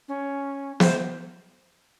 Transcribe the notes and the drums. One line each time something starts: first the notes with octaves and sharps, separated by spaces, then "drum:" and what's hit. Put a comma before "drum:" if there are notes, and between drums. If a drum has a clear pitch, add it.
C#4
C5, drum: snare